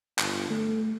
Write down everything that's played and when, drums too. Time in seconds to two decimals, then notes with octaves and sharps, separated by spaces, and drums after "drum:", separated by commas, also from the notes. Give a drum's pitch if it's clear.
0.19 G1, drum: clap
0.50 A3